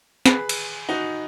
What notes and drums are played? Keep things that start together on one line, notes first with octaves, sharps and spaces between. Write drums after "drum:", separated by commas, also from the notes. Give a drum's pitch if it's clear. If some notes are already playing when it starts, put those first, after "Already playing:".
G#4 B4, drum: snare
drum: cymbal
D#4 F#4